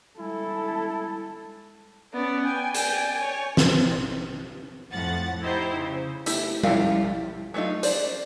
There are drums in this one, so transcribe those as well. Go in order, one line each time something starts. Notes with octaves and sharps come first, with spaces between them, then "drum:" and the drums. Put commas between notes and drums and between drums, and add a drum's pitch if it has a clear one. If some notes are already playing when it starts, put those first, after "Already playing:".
G3 G#3 E4 A4 G#5
B3 C#4 D5
G5 G#5
D5 G5, drum: hi-hat
C#5
C4, drum: snare
F2 A2 F3 F#5 A6
D#4 E4 G4 C5
C#3
A3 E4 G4, drum: hi-hat
G3 C#4 E4 F4 F5, drum: tom G3
F#3 A3 C4 D#4 F4
C5 D5, drum: hi-hat